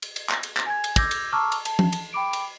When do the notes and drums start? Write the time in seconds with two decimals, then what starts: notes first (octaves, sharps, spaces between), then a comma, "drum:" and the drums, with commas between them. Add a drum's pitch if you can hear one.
0.02 drum: cymbal
0.16 drum: cymbal
0.30 drum: clap
0.43 drum: cymbal
0.57 drum: clap
0.66 G#5 G#6
0.84 drum: cymbal
0.96 D6 E6 G6 G#6 A#6, drum: kick, cymbal
1.11 drum: cymbal
1.32 A5 A#5 C#6 D6 E6 F6
1.52 drum: cymbal
1.65 A5, drum: cymbal
1.79 drum: tom F3
1.92 drum: cymbal
2.13 G5 B5 D6 D7
2.33 drum: cymbal